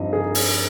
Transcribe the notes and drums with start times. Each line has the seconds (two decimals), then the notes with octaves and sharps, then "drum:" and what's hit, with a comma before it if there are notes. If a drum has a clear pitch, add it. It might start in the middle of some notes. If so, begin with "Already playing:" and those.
Already playing: G2 F3 C4 D#4 D#5
0.13 G#4
0.18 A#4
0.35 drum: open hi-hat